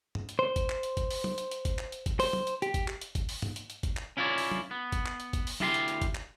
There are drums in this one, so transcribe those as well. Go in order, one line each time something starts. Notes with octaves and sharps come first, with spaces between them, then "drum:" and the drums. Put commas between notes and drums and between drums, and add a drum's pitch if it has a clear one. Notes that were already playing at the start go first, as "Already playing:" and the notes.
drum: tom
drum: hi-hat
C5
drum: kick F#1, hi-hat
drum: clap
drum: hi-hat
drum: kick F#1, hi-hat
drum: open hi-hat
drum: tom F#3
drum: hi-hat
drum: hi-hat
drum: kick F#1, hi-hat
drum: clap
drum: hi-hat
drum: kick F#1, hi-hat
C5, drum: open hi-hat
drum: tom F#3
drum: hi-hat
G4, drum: hi-hat
drum: kick F#1, hi-hat
drum: clap
drum: hi-hat
drum: kick F#1, hi-hat
drum: open hi-hat
drum: tom
drum: hi-hat
drum: hi-hat
drum: kick F#1, hi-hat
drum: clap
C#4 E4 F4 B4 C#5 D5
drum: open hi-hat
drum: tom F#3
B3
drum: kick F#1, hi-hat
drum: clap
drum: hi-hat
drum: kick F#1, hi-hat
drum: open hi-hat
D2 E4 F4 G4 B5 C6, drum: tom F#3
drum: hi-hat
drum: hi-hat
drum: kick F#1, hi-hat
drum: clap